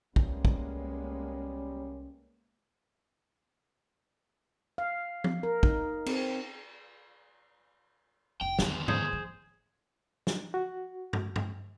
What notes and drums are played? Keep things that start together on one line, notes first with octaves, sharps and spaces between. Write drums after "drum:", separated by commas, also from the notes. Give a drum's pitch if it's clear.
C2 G3 G#3 A#3 B3 C#4, drum: kick
drum: kick
F5
drum: tom F3
A#4
D#4, drum: kick
C4, drum: cymbal
F1 G5
E2 D3 D#3 G#3 B3, drum: snare
G#4 C5, drum: tom G#2
F3
drum: snare
F#4
drum: tom
drum: tom